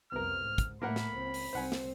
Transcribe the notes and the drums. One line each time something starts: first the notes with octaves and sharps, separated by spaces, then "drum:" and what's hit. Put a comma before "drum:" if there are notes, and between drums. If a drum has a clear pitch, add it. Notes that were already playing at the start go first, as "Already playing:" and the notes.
C2 F2 B3 A#4 F6
G#2
drum: kick, hi-hat
A2 A3 A#3 A#4 F#5 B5
drum: snare
C#2 C4
drum: open hi-hat
C2 C4 C5 F#5 G#5
drum: snare